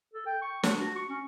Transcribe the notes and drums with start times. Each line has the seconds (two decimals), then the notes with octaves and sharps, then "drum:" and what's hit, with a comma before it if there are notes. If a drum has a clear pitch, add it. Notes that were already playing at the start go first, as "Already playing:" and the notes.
0.14 A4
0.26 G5
0.42 C#6
0.63 D4, drum: snare
0.80 F#4
0.96 C#6
1.10 C#4